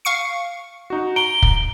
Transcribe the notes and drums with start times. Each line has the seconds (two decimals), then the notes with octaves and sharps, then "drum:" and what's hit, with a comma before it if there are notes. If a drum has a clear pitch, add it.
0.05 F5 C#6 C#7
0.90 D#4 F#4
1.16 A#5 D7 G7
1.42 drum: kick